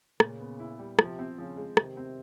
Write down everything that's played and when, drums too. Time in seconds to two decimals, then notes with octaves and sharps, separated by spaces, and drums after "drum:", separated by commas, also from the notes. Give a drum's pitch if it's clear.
0.20 A#2 C#3, drum: rim click
0.40 B3
0.60 E4
0.79 G3
0.99 C3 F3, drum: rim click
1.19 C4
1.38 C#3 F3
1.57 G#3
1.77 C3 D#3, drum: rim click
1.97 C4